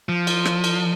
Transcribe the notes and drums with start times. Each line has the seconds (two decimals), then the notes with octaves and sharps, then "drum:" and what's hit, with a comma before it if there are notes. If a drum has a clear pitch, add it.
0.09 F3
0.27 drum: cymbal
0.45 drum: rim click
0.64 drum: cymbal